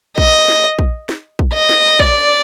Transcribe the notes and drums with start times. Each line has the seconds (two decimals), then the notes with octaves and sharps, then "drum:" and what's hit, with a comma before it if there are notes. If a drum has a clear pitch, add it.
0.18 D#5, drum: kick
0.48 drum: snare
0.79 drum: kick
1.09 drum: snare
1.39 drum: kick
1.54 D#5
1.69 drum: snare
1.99 D5, drum: kick